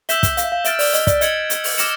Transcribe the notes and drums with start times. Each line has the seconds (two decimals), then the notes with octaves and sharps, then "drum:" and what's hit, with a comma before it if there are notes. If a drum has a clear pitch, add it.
0.09 E5 E6 G6 B6 E7 G7, drum: hi-hat
0.23 drum: kick, hi-hat
0.37 F5, drum: hi-hat
0.44 E5
0.52 F5
0.65 E5 F6 A6 D7 G7, drum: hi-hat
0.79 D5, drum: open hi-hat
0.94 D#5, drum: hi-hat
1.07 D5, drum: kick, hi-hat
1.21 D#5 G#6 C#7 F#7, drum: hi-hat
1.50 drum: hi-hat
1.64 drum: open hi-hat
1.78 D6 F6 A#6 C#7 E7, drum: hi-hat